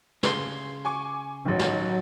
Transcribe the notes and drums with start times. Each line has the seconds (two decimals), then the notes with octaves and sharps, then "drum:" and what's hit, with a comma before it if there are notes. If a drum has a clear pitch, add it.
0.23 C#3 G#4 C6, drum: snare
0.85 G#5 C#6 D6
1.45 A1 D#3 F#3
1.59 drum: snare